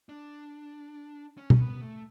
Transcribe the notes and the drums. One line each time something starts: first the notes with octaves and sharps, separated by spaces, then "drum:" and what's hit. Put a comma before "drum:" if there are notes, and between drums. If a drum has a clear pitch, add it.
D4
C#4
drum: tom
B3
A3